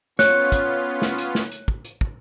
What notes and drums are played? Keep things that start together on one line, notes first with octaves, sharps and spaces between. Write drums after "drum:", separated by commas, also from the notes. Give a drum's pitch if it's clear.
B3 C#4 F4 C#5 F#6, drum: snare
drum: kick, hi-hat
drum: snare
drum: hi-hat
drum: snare
drum: hi-hat
drum: kick
drum: hi-hat
drum: kick